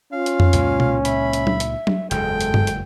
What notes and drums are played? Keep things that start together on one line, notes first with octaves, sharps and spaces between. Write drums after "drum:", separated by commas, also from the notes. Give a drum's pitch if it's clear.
C#4 F4 F5
drum: hi-hat
drum: tom F2
C#2 A#2 G#3, drum: hi-hat
drum: tom B2
E5 B5, drum: hi-hat
drum: hi-hat
drum: tom F#3
drum: hi-hat
drum: tom F#3
F#1 E2 G#2 G#3 A4 G5, drum: hi-hat
drum: hi-hat
drum: tom G2
drum: hi-hat